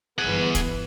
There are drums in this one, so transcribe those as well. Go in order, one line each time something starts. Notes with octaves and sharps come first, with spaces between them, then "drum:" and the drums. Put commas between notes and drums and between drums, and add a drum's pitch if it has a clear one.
G1 E3 B3 G#4 F#5
drum: kick, hi-hat